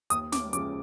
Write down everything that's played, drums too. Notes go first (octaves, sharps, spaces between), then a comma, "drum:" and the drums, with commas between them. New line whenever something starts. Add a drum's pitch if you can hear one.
D#2 D#6, drum: hi-hat
D6, drum: snare
C#3 F3 G#3 D6, drum: hi-hat